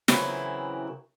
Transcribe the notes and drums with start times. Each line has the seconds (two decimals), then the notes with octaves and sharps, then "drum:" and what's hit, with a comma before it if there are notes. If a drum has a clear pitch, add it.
0.08 C#3 E3 F#3 C4 E4 A#4, drum: snare